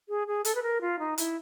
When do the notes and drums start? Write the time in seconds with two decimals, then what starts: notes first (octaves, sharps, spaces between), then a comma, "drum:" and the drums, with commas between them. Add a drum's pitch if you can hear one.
0.09 G#4
0.28 G#4
0.45 A4, drum: hi-hat
0.55 B4
0.63 A#4
0.81 F4
0.99 D#4
1.18 E4, drum: hi-hat